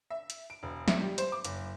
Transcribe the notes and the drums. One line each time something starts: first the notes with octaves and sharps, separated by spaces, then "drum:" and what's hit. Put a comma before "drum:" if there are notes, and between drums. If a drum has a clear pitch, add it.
E5
drum: hi-hat
D7
E1
E5, drum: snare
G3
C5, drum: hi-hat
D6
F#1, drum: hi-hat